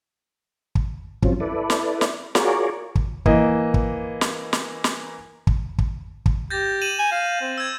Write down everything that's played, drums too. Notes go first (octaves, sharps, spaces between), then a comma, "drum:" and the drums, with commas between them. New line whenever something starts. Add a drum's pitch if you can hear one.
drum: kick
G2 F3 F#3 C4 C#4 F4, drum: kick
E4 A4 B4 D5
drum: snare
drum: snare
F4 F#4 G#4 A#4 C#5 D5, drum: snare
drum: kick
E3 A#3 D#5, drum: kick
drum: kick
drum: snare
drum: snare
drum: snare
drum: kick
drum: kick
drum: kick
G4 G6 A6 A#6
D#7 E7 F#7
G#5
F5
C4
E6 G#6